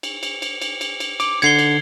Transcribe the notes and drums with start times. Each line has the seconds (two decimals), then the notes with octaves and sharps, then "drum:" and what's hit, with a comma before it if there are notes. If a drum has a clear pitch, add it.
0.03 drum: cymbal
0.23 drum: cymbal
0.42 drum: cymbal
0.62 drum: cymbal
0.81 drum: cymbal
1.00 drum: cymbal
1.20 D6, drum: cymbal
1.42 D3 G#6 C7 C#7 G7, drum: cymbal
1.59 drum: cymbal